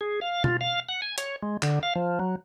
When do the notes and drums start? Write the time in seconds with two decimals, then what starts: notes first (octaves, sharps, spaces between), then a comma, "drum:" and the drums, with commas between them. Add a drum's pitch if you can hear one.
0.01 G#4
0.21 F5
0.44 F4, drum: tom
0.61 F5
0.89 F#5
1.02 G#5
1.18 C#5, drum: hi-hat
1.42 G#3
1.63 D3, drum: clap
1.83 F5
1.96 F3
2.19 F#3